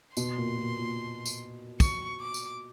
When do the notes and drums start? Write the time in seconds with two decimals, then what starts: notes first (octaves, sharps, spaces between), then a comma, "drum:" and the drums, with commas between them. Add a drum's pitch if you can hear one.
0.17 B2 C6, drum: tambourine
0.38 A#2
0.58 A#2
0.79 A#2
1.26 drum: tambourine
1.80 C#6, drum: kick, tambourine
2.21 D6
2.34 drum: tambourine